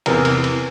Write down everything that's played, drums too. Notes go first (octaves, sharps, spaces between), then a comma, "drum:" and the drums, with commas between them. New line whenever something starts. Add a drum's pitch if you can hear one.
E2 C3 E3 A#4, drum: cymbal
drum: cymbal
drum: cymbal